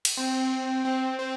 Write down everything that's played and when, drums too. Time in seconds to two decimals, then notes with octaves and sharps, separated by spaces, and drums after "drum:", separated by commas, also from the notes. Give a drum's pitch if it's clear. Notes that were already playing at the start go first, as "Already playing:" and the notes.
0.05 drum: cymbal
0.17 C4
0.85 C4
1.19 C4